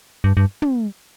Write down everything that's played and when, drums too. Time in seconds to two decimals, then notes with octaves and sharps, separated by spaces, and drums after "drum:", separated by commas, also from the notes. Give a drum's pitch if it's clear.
0.24 G2
0.37 G2
0.62 drum: tom